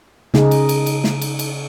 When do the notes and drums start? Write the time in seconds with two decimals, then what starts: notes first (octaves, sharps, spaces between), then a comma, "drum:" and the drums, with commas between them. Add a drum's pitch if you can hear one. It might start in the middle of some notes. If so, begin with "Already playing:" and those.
0.34 C#3 D#4 G#4, drum: snare
0.51 drum: cymbal
0.69 drum: cymbal
0.86 drum: cymbal
1.04 drum: snare
1.22 drum: cymbal
1.39 drum: cymbal